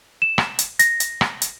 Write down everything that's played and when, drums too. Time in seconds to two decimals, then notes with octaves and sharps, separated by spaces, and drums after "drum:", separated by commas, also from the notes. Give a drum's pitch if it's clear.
0.22 E7
0.38 drum: rim click
0.59 drum: hi-hat
0.79 A#6, drum: hi-hat
1.00 drum: hi-hat
1.21 drum: rim click
1.42 drum: hi-hat